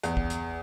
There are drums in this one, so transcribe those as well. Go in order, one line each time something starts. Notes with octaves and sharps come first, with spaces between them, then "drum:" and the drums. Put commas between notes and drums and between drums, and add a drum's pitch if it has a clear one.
E2, drum: hi-hat
drum: kick
drum: hi-hat